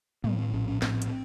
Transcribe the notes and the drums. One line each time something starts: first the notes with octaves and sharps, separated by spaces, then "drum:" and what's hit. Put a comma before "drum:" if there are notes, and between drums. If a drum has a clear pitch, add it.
A2 B3, drum: tom
C4
A#1 C#4
C#4
A2 C4, drum: snare
drum: hi-hat